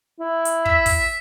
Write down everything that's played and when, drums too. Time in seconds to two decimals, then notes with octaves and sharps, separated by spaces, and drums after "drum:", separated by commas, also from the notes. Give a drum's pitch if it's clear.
0.20 E4
0.45 drum: hi-hat
0.65 E5, drum: kick
0.86 drum: kick, open hi-hat